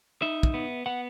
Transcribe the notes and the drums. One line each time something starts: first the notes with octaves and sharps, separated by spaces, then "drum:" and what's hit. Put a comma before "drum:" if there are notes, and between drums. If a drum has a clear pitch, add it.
D#4 E5
drum: kick
B3
B3 F#5